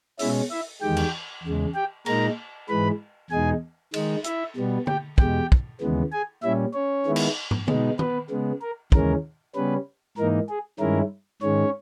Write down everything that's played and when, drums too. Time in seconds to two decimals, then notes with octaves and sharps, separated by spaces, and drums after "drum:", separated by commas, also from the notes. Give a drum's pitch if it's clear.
0.19 B2 G#3 C#4 E4 E5, drum: open hi-hat
0.51 E4 E5
0.82 E2 D#3 G#3 G4 G5
0.97 drum: cymbal
1.44 E2 C#3 G#3
1.75 G4 G5
2.06 A#2 G#3 D#4 A#4 A#5, drum: cymbal
2.69 G#2 E3 G#3 B4 B5
3.31 E2 B2 G#3 D#4 G#4 G#5
3.94 D#3 G#3 D#4, drum: cymbal
4.24 E4 E5, drum: hi-hat
4.56 B2 G3 B3
4.87 G4 G5, drum: tom
5.18 E2 B2 G#3 G4 G5, drum: kick
5.52 drum: kick
5.81 D#2 C#3 E3 G#3 B3
6.12 G#4 G#5
6.43 A#2 G3 C#4 E4 E5
6.74 C#4 C#5
7.06 D#3 G#3 B3 E4
7.16 drum: cymbal
7.51 drum: tom
7.68 B2 G#3 B3 D#4, drum: tom
7.99 B3 B4, drum: tom
8.30 C#3 G#3 B3
8.61 A#4
8.92 D#2 C#3 E3 G#3 C#4 A#4, drum: kick
9.55 C#3 G3 B3 C#4 B4
10.17 G#2 E3 A#3 D#4 A#4
10.49 G#4
10.79 G2 D#3 G#3 C#4 E4 A#4
11.42 G#2 D#3 G#3 C#4 C#5